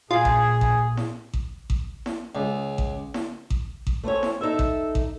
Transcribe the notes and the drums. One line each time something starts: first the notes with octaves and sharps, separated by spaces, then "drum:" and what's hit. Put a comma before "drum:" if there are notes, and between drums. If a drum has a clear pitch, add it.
A#2 F4 G#4
drum: kick A1
drum: kick A1
drum: snare E4
drum: kick A1
drum: kick A1
drum: snare E4
C#2
drum: kick A1
drum: snare E4
drum: kick A1
drum: kick A1
A3 C4 C#4 C#5
drum: snare E4
D#4 A4 E5
drum: kick A1
drum: kick A1